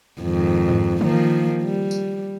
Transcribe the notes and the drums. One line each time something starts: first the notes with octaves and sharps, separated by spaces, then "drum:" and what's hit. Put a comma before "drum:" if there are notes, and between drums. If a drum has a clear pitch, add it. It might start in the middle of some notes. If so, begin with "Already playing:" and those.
F2 G#2 D#3
drum: tom G#2
D#3 F3 A#3, drum: tom E3
G3
drum: tambourine